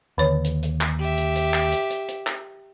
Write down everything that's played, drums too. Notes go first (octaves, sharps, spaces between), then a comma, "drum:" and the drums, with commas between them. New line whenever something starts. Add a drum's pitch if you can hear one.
D#2 D3 C#5
drum: hi-hat
drum: hi-hat
drum: clap
G4 E5
drum: hi-hat
drum: hi-hat
drum: clap
drum: hi-hat
drum: hi-hat
drum: hi-hat
drum: clap